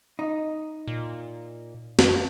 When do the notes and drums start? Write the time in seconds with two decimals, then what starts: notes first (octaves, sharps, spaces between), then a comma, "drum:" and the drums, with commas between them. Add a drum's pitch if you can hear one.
0.19 D#4
0.87 A#2
1.99 F#2, drum: snare